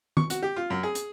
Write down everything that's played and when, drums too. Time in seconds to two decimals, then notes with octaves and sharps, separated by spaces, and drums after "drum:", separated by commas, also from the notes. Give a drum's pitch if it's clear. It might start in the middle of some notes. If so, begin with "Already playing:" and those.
0.17 C#6, drum: tom D#3
0.30 F#4, drum: hi-hat
0.43 G4
0.56 F4
0.70 F#2
0.83 G#4
0.95 drum: hi-hat